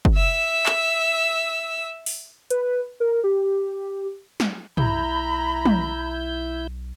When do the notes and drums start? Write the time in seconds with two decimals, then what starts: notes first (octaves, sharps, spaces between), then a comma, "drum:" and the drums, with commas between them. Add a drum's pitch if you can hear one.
0.05 drum: kick
0.15 E5 E6
0.66 drum: clap
2.06 drum: open hi-hat
2.50 B4, drum: hi-hat
3.00 A#4
3.24 G4
4.40 drum: snare
4.77 B1 E4 A#5 B5 G6, drum: tom
5.66 drum: tom